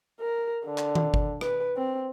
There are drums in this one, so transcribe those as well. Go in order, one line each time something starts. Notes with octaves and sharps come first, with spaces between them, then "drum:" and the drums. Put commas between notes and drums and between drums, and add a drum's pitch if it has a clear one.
A#4
D3
drum: clap
drum: tom D#3
drum: kick G1
B4, drum: rim click
C4